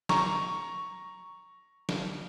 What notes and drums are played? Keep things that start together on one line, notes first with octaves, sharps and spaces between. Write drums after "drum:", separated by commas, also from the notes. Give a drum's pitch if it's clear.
A#5 C#6, drum: snare
drum: snare